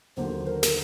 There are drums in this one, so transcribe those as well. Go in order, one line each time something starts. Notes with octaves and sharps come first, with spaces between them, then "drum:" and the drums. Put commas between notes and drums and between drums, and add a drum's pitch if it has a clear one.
D#2 D3 F#3 A#3 F#4 C5
A#4
drum: snare